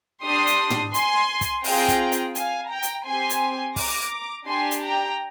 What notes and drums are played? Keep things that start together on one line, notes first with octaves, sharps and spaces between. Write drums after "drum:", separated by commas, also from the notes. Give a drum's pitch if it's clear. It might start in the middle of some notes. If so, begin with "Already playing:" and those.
D4 G4 C6 D#6
drum: hi-hat
drum: tom
G#5 C6, drum: hi-hat
drum: kick, hi-hat
C4 F4 G#4 G5 A#5, drum: open hi-hat
drum: kick, hi-hat
drum: hi-hat
F5 G#5, drum: hi-hat
G5 A#5
drum: hi-hat
C4 G4 G#5 C6
drum: hi-hat
A#5 D6, drum: kick, open hi-hat
D4 G4 G#5 C6
drum: hi-hat
G5 A#5